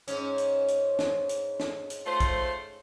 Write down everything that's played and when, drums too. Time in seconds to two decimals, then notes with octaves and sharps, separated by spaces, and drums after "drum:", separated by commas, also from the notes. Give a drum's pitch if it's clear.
0.08 G#2 C#4, drum: hi-hat
0.38 drum: hi-hat
0.68 drum: hi-hat
0.99 drum: snare
1.29 drum: hi-hat
1.60 drum: snare
1.90 drum: hi-hat
2.06 A3 F4 C5
2.20 drum: kick, hi-hat